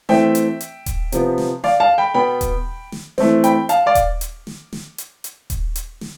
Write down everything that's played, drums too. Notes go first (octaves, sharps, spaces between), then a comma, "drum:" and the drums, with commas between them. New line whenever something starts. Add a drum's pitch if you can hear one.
E3 A3 C4 E5 G5, drum: snare
drum: hi-hat
drum: hi-hat
drum: kick D#1, hi-hat
C3 F3 B3, drum: hi-hat
drum: snare
D5 F5, drum: snare
F5 A5
G5 B5
B2 B3 G5 B5
drum: kick D#1, hi-hat
drum: snare
E3 A3 C4, drum: snare
G5 B5, drum: hi-hat
F5 A5, drum: hi-hat
D5 F5
drum: kick D#1, hi-hat
drum: hi-hat
drum: snare
drum: snare
drum: hi-hat
drum: hi-hat
drum: kick D#1, hi-hat
drum: hi-hat
drum: snare